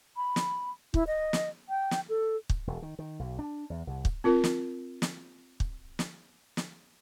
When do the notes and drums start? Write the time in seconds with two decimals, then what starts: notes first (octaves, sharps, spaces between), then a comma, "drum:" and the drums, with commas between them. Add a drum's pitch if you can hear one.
0.17 B5
0.36 drum: snare
0.94 E4, drum: kick
1.07 D#5
1.33 drum: snare
1.69 G5
1.91 drum: snare
2.09 A4
2.50 drum: kick
2.67 E1
2.82 D#3
2.99 D#3
3.19 B1
3.39 D4
3.70 E2
3.87 C2
4.05 drum: kick
4.24 C4 F4 A#4
4.44 drum: snare
5.02 drum: snare
5.60 drum: kick
5.99 drum: snare
6.57 drum: snare